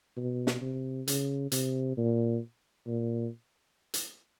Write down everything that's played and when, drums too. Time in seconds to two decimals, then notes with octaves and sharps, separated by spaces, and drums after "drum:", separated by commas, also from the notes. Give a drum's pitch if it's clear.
0.17 B2
0.47 drum: snare
0.61 C3
1.08 C#3, drum: hi-hat
1.52 C3, drum: hi-hat
1.97 A#2
2.87 A#2
3.94 drum: hi-hat